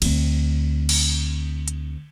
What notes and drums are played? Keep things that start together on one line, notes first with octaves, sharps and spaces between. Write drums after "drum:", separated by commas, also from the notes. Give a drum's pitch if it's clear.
D2 C4, drum: cymbal
drum: cymbal
drum: hi-hat